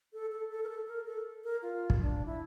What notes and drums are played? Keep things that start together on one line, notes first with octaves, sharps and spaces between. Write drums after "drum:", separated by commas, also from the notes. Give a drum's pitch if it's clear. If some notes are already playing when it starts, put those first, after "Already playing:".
A4
A4
A4
A#4
A4
A#4
A4
A#4
F4
drum: kick
D4
E4